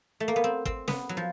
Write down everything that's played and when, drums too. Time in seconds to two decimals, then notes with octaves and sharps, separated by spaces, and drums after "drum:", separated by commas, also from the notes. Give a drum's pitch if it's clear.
0.20 A3
0.28 A#3
0.36 B3
0.44 C4
0.65 C4, drum: kick
0.88 B3, drum: snare
1.09 F#3
1.17 F3